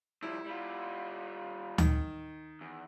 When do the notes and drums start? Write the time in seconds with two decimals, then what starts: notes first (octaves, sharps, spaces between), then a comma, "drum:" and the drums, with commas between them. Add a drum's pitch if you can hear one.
0.22 F3 G3 E4
0.46 G3 F4
1.78 D#3, drum: tom D2
2.61 E2